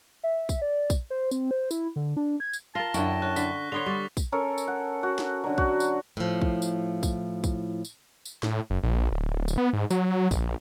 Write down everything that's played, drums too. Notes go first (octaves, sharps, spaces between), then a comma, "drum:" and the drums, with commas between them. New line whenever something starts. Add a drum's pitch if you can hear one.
E5
drum: kick, tambourine
D5
drum: kick, tambourine
C5
C4, drum: tambourine
C5
E4, drum: tambourine
D3
D4
G#6
drum: tambourine
F4 A#4 A5 A#6 G7
F#2 D3 E4 F#5 G5 C#6, drum: tambourine
C#4 F#6
D3 B6, drum: tambourine
D3 B3 C#5 C6 F7 G7
G3 C#6 A6
drum: kick, tambourine
C#4 A4 A#4 C#5
drum: tambourine
F#5
F#4
drum: snare
D3 F#3
F#4, drum: kick
drum: tambourine
A2 F3
drum: kick
drum: tambourine
drum: kick, tambourine
drum: kick, tambourine
drum: tambourine
drum: tambourine
A2, drum: snare
F#1
A#1
D1
drum: tambourine
B3
G#2
F#3, drum: tambourine
A#1, drum: kick, tambourine